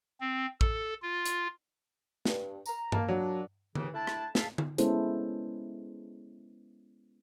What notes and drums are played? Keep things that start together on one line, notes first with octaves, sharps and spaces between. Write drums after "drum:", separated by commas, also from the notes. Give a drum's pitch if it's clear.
C4
A4, drum: kick A1
F4
drum: hi-hat
G2, drum: snare
A#5, drum: tambourine
A#3 A5, drum: tom G2
A#2 F#3 D4
D#2 C#3 E3, drum: tom D3
A3 D4 E4 A5
drum: rim click
G#4 E5 F5 A5, drum: snare
drum: tom D3
G#3 B3 C#4 E4 A4 C5, drum: hi-hat